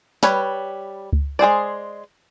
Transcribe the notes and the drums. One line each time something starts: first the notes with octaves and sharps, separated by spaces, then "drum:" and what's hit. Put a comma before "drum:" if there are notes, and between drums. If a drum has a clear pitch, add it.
G3 B4 C#5, drum: snare
drum: kick C#2
G#3 G#4 C5 D5